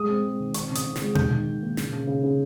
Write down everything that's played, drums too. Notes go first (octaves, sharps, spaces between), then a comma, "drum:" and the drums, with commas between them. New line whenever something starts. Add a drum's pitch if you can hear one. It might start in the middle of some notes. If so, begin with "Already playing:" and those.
Already playing: G#3 D#6
C4
G#3
D#3
C4 C#6, drum: hi-hat
C#3
D#6, drum: hi-hat
C#3
D#6, drum: snare
G#3
D#3 G6, drum: tom B2
D#3
D#3
A#3
C#3, drum: snare
C#3
C#3
C#3